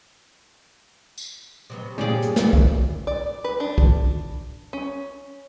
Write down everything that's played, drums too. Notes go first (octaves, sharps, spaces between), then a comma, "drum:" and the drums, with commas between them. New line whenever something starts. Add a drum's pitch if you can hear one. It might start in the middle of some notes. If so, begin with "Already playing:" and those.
drum: tambourine
C3 F#3 B3
G2 A#2 G3 C#4 G#4 D5
drum: hi-hat
drum: snare
drum: kick B1
D5
B4
D4
drum: kick B1
C#4